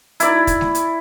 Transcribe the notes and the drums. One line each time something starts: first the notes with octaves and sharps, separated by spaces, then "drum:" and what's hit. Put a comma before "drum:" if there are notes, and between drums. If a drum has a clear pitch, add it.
E4 D5, drum: hi-hat
drum: kick, hi-hat
drum: snare G#3
drum: hi-hat